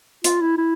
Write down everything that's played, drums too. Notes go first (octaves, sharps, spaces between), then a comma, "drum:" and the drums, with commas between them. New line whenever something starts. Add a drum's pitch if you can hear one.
F4, drum: hi-hat
E4
E4